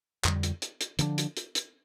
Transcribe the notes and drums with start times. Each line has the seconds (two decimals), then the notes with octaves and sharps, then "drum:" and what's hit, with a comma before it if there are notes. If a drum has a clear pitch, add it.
0.25 F2 D3 G3, drum: clap
0.43 drum: hi-hat
0.62 drum: hi-hat
0.81 drum: hi-hat
0.99 D3 F3 A3 D4, drum: hi-hat
1.18 drum: hi-hat
1.37 drum: hi-hat
1.55 drum: hi-hat